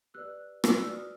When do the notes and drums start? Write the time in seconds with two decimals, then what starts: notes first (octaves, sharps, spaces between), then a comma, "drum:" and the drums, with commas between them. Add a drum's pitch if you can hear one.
0.14 G4 B4 D5 E6 F#6
0.64 drum: rim click
0.77 F#4 B4 D5 E6 F#6
0.93 D#6 F6